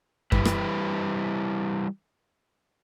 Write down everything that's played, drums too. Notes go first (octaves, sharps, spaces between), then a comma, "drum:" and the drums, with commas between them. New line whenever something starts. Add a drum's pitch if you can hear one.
E3 G3 E4 G4 B4, drum: kick F#2
drum: rim click